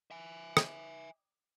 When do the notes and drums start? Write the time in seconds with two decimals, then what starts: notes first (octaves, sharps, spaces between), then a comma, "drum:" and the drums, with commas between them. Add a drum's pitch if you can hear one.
0.11 E5 G#5
0.57 drum: rim click